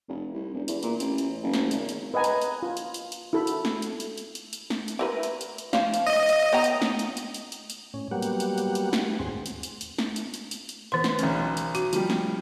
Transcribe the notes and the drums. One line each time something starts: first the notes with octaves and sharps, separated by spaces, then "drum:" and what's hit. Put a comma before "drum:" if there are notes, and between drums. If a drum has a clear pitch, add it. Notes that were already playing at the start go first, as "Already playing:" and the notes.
F1
C2
E1
E2, drum: hi-hat
A#2, drum: hi-hat
A1, drum: hi-hat
drum: hi-hat
F#1
drum: snare
G#1, drum: hi-hat
drum: hi-hat
B4 D#5 F#5 G#5 A#5
drum: hi-hat
drum: hi-hat
F4
drum: hi-hat
drum: hi-hat
drum: hi-hat
E4 F#4 A4 B5
drum: hi-hat
drum: snare
drum: hi-hat
drum: hi-hat
drum: hi-hat
drum: hi-hat
drum: hi-hat
drum: snare
drum: hi-hat
E4 A#4 B4
drum: hi-hat
drum: hi-hat
drum: hi-hat
F3 F5, drum: snare
drum: hi-hat
D#5
drum: hi-hat
B3 G5 A#5
drum: hi-hat
drum: snare
drum: hi-hat
drum: hi-hat
drum: hi-hat
drum: hi-hat
drum: hi-hat
A2 C#4
F#3 G3 A#3 B3 G4 F#5
drum: hi-hat
drum: hi-hat
drum: hi-hat
drum: hi-hat
drum: snare
D#2 G#2 C4 G#4 C6
drum: hi-hat
drum: hi-hat
drum: hi-hat
drum: snare
drum: hi-hat
drum: hi-hat
drum: hi-hat
drum: hi-hat
E3 B3 B4 C6
drum: snare
B1 C#4, drum: hi-hat
drum: hi-hat
F#4, drum: hi-hat
F3 G3, drum: hi-hat
drum: snare